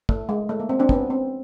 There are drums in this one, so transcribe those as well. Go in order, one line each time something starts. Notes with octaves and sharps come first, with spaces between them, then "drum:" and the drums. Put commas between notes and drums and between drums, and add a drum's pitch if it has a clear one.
A3, drum: kick
G#3
A3
A#3
C4
C4 D4
B3 C#4, drum: kick
C4